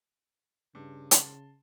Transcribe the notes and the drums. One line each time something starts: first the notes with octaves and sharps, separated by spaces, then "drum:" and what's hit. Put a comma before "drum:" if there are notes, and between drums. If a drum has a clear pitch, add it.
G2 C#3
A5 C6, drum: hi-hat